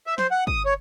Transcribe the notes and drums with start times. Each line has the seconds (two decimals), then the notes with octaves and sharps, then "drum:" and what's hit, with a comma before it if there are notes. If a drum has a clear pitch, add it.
0.07 E5
0.18 C5, drum: snare
0.31 F#5
0.47 D#6, drum: kick
0.66 C#5